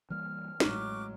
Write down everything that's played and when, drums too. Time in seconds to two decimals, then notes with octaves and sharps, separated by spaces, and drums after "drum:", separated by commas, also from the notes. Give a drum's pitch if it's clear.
0.10 E3 G3 A#3 F6
0.60 A1 F#3 G#3 C#6 D6 F#6, drum: snare